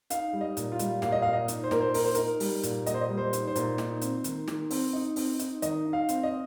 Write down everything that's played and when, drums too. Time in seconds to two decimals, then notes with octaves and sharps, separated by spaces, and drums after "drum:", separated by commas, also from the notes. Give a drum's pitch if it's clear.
0.10 D#4 F5, drum: hi-hat
0.33 G3
0.41 D#5
0.57 A#2, drum: hi-hat
0.72 F4
0.79 G3, drum: hi-hat
1.02 A#2 F5, drum: snare
1.12 D#5
1.22 A#2 F5
1.33 D#5
1.48 D#4, drum: hi-hat
1.64 C5
1.71 A#2 A#4, drum: snare
1.81 C5
1.94 D#4 A#4, drum: open hi-hat
2.05 C5
2.15 D#4 A#4, drum: hi-hat
2.40 G3, drum: open hi-hat
2.63 A#2, drum: hi-hat
2.86 A#2 D#5, drum: hi-hat
2.94 C5
3.01 D#5
3.09 G3
3.17 C5
3.33 D#4, drum: hi-hat
3.47 C5
3.55 A#2, drum: hi-hat
3.78 D#4, drum: snare
4.01 C4, drum: hi-hat
4.24 D#3, drum: hi-hat
4.48 D#3, drum: snare
4.70 C4, drum: open hi-hat
4.93 D#4
5.16 C4, drum: open hi-hat
5.39 D#4, drum: hi-hat
5.62 D#3 D#5, drum: hi-hat
5.86 D#4
5.93 F5
6.09 C4, drum: hi-hat
6.23 D#5